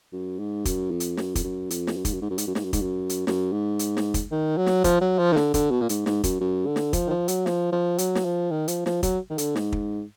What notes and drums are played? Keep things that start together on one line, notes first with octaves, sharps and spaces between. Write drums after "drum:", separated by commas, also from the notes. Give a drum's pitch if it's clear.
F#2
G#2
F#2, drum: kick, hi-hat
F2
drum: hi-hat
F#2, drum: snare
F2, drum: kick, hi-hat
F#2
F2, drum: hi-hat
drum: snare
F#2
G#2, drum: kick, hi-hat
F#2
G#2
F#2
G#2, drum: hi-hat
F#2
G#2, drum: snare
F#2
G#2, drum: kick, hi-hat
F#2
drum: hi-hat
F#2, drum: snare
G#2
drum: hi-hat
drum: snare
drum: kick, hi-hat
D#3
F#3
drum: snare
F3, drum: kick, hi-hat
F#3
F3
D#3
D3, drum: snare
D3, drum: kick, hi-hat
B2
A#2
G#2, drum: hi-hat
G#2, drum: snare
F#2, drum: kick, hi-hat
F#2
D3
drum: snare
F3, drum: kick, hi-hat
D#3
F3
F#3, drum: hi-hat
F3, drum: snare
F3
F#3, drum: hi-hat
drum: snare
F3
D#3
F3, drum: hi-hat
F3, drum: snare
F#3, drum: kick, hi-hat
D#3
D3, drum: hi-hat
G#2, drum: snare
drum: kick